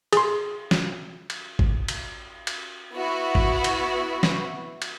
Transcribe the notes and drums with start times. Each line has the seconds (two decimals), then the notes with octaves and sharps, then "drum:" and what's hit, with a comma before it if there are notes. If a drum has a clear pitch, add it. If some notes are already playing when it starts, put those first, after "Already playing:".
0.13 G#4 C6, drum: cymbal
0.71 drum: snare
1.30 drum: cymbal
1.59 drum: kick G#1
1.88 drum: cymbal
2.47 drum: cymbal
2.93 B3 E4 F#4
3.35 drum: kick G#1
3.64 drum: cymbal
4.23 drum: snare
4.82 drum: cymbal